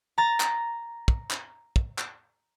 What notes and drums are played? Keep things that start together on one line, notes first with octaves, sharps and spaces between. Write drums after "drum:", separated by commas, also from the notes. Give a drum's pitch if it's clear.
A#5 A6
drum: clap
drum: kick
drum: clap
drum: kick
drum: clap